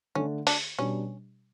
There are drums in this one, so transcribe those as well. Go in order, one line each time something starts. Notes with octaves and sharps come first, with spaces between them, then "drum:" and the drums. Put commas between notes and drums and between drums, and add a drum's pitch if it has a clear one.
D3 A3 C#4 D4
D4, drum: open hi-hat
B2 G3 C#4 D4